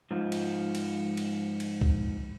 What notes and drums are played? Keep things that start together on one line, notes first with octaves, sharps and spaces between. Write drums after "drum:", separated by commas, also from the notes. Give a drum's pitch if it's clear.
G#2 F3
drum: cymbal
drum: cymbal
drum: cymbal
drum: cymbal
drum: kick